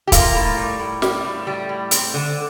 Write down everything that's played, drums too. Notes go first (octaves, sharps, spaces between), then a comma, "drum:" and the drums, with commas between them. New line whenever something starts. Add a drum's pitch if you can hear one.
G4
A#3 F4, drum: kick, hi-hat
A2
G3
A2
G3, drum: snare
A2
G3
A2
C4, drum: hi-hat
D3